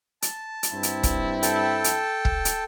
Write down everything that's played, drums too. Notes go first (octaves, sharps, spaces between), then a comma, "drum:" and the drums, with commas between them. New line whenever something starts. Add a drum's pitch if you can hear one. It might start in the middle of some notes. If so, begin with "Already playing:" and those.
A5, drum: hi-hat
drum: hi-hat
G2 C4 E4
drum: hi-hat
drum: kick, hi-hat
A4 G5 A5, drum: hi-hat
drum: hi-hat
drum: kick
drum: hi-hat